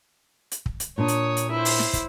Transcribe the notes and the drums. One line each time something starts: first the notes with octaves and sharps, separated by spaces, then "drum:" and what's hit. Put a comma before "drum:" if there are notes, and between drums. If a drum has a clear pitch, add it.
drum: hi-hat
drum: kick
drum: hi-hat
A#2 D4 C#5 D#6
drum: hi-hat
drum: hi-hat
E4 C5
drum: open hi-hat
drum: snare
drum: kick, hi-hat